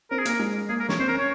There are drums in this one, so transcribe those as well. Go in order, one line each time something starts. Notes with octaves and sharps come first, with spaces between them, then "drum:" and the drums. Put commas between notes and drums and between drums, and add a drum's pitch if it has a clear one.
C4 A#4
G#4
A#3 A#4, drum: hi-hat
G#3
A#3 G#4
A#4
C#5, drum: snare
C4 C5
A#4
C#4 C#5